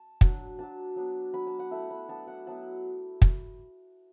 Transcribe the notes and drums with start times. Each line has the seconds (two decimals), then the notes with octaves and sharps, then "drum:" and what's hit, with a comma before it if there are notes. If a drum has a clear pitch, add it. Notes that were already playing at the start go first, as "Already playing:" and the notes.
Already playing: A5
0.21 F#3 D4, drum: kick
0.59 F#3 D4 A5
0.96 F#3 B3 D4
1.34 F#3 D4 B5
1.47 A5
1.59 F#5
1.71 A3 E4 A5
1.90 B5
2.09 F#3 B3 D4 A5
2.27 F#5
2.47 F#3 B3 E4 A5
3.22 drum: kick